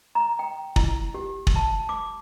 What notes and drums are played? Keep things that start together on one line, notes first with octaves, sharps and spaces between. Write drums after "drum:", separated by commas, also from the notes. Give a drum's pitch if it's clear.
A#5
G5
E4, drum: kick
G4
drum: kick
A5
D6